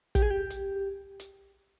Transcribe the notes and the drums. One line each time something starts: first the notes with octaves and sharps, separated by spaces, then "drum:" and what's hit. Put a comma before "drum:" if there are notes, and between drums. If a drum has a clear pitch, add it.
G4, drum: kick, hi-hat
G#4
G4
drum: hi-hat
drum: hi-hat